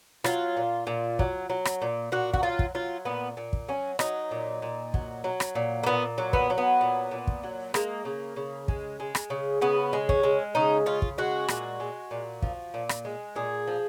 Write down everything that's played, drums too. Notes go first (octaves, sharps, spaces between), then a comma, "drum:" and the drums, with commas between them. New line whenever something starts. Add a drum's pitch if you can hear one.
F#3 F4, drum: rim click
A#2
A#2
F#3, drum: kick
F#3
drum: rim click
A#2
A#2 F#4
F#4, drum: kick
F#3 F4
drum: kick
F#3 F4
A#2 B3
A#2
drum: kick
F#3 C#4
F#3 D#4, drum: rim click
A#2
A#2
F#3, drum: kick
F#3
drum: rim click
A#2
A#3
A#2 B3
F#3
B3, drum: kick
F#3
B3
A#2
A#2
drum: kick
F#3
G#3 A#3, drum: rim click
C#3
C#3
G#3, drum: kick
G#3
drum: rim click
C#3
C#3 B3
G#3
C#4, drum: kick
G#3
C#3 D#4
C#3 F4
drum: kick
G#3 F#4
A#2, drum: rim click
G#3
A#2
F3, drum: kick
A#2
drum: rim click
G#3
A#2 G#4
F3